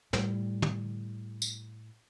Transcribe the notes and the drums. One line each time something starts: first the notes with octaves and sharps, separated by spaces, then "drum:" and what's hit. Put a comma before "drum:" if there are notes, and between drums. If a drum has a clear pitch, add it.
A2 G3, drum: snare
drum: tom
drum: tambourine